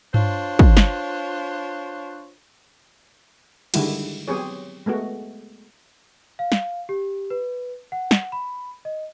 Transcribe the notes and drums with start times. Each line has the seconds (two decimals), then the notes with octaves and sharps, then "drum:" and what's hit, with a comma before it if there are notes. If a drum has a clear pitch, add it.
0.14 D4 F4 C5 C#5, drum: tom G2
0.59 drum: kick
0.77 drum: snare
3.74 D3 D#3 G3 G#3 E4 F#4, drum: cymbal
4.28 F#3 B3 C4 G4 G#4 C#5
4.86 G#3 A3 B3 F#4
6.39 F5
6.52 drum: snare
6.89 G4
7.30 B4
7.92 F#5
8.11 drum: snare
8.32 B5
8.85 D#5